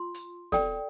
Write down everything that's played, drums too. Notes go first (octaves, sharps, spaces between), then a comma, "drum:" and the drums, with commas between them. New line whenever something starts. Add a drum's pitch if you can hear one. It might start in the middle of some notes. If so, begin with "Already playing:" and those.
Already playing: F4 C6
drum: hi-hat
A4 D5 G5, drum: snare